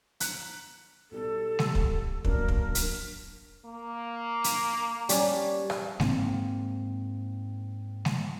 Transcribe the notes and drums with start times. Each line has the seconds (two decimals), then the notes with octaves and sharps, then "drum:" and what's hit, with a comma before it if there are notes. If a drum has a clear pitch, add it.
0.20 A#5 F#6 C#7, drum: hi-hat
1.11 B1 G3 A4
1.59 drum: snare G#3
1.75 drum: kick
2.25 F#3 A#3 D4 A#4, drum: kick
2.48 drum: kick
2.75 drum: hi-hat
3.66 A#3
4.44 drum: hi-hat
5.09 G3 C#4 D4, drum: hi-hat
5.70 drum: rim click
6.00 G#2 A#3 C4, drum: snare G#3
8.05 drum: snare G#3